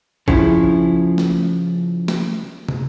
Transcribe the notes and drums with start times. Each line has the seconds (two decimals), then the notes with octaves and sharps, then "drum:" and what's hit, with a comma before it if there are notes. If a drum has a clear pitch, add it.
0.28 C#3 F3 E4, drum: kick A1
1.18 drum: snare
2.08 drum: snare
2.69 drum: tom